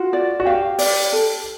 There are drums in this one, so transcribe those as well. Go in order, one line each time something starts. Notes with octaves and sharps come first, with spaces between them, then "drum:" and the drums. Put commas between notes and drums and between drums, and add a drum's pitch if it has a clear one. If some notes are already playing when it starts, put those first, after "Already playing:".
Already playing: F4 F#4
D5
F#4
G4 F5
D5, drum: open hi-hat
A4